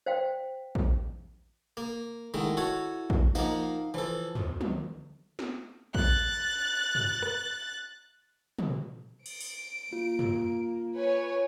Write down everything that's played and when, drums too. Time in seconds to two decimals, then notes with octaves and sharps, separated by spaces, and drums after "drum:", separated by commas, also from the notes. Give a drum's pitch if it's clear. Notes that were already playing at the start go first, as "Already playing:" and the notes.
0.06 C5 F5 G5
0.75 drum: kick
1.77 A#3
2.34 D#3 G#3 A3 E4 F#5
2.57 F#4 A4 C#5
3.10 drum: kick
3.35 F3 A#3 D#4 F5 F#5, drum: tambourine
3.94 E3 F3 A4
4.35 drum: tom
4.61 drum: tom
5.39 drum: snare
5.95 F#6 A6, drum: kick
6.95 drum: tom
7.22 drum: rim click
8.59 drum: tom
9.26 D7, drum: cymbal
9.41 drum: open hi-hat
9.93 A#3 F4
10.19 drum: tom
10.95 B4 C#5 G#5